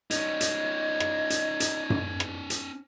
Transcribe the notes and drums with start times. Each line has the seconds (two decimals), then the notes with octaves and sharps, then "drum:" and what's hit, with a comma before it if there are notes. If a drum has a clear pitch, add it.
0.11 C#4 D#4 D#5 G#6, drum: hi-hat
0.41 drum: hi-hat
1.00 drum: rim click
1.30 drum: hi-hat
1.60 drum: hi-hat
1.90 drum: tom F#2
2.20 drum: rim click
2.50 drum: hi-hat